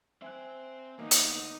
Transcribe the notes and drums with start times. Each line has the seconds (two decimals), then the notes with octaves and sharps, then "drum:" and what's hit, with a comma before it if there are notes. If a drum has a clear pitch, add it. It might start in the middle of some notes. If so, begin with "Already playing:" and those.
0.22 C4 C5 E5 G#5 F#6
0.99 D2 A#3 B3 D#4
1.11 drum: hi-hat